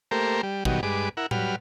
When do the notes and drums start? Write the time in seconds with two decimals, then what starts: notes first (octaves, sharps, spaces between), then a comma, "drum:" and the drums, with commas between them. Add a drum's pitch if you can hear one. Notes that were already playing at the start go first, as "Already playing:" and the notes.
0.11 A3 A#3 G4 A#4 C5
0.43 G3
0.65 B2 D#3 F#3 G3, drum: kick
0.83 G2 G#3 B4 D6
1.17 E4 A#4 F#5
1.31 F#3 G3 B4 F6, drum: tom A2